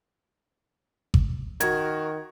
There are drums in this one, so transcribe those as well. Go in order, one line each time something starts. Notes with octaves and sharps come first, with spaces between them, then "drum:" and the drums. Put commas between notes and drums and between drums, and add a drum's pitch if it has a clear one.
drum: kick G#1
D#3 F#4 A#4 G#6, drum: hi-hat